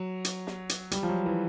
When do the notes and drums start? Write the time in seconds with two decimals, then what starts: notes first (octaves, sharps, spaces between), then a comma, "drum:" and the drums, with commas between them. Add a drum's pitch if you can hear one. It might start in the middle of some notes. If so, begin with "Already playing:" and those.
Already playing: F#3
0.25 drum: hi-hat
0.47 drum: snare
0.69 drum: hi-hat
0.91 G3, drum: hi-hat
1.03 F3
1.09 F#3
1.26 E3